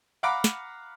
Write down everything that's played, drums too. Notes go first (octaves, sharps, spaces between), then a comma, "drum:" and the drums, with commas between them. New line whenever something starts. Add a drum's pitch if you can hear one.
F5 F#5 A#5 B5 D6 F6
drum: snare